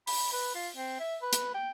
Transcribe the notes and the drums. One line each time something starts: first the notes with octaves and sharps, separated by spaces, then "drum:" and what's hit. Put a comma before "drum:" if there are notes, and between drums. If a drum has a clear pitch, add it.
B5, drum: open hi-hat
B4
F4
C4
E5
B4
drum: hi-hat
G5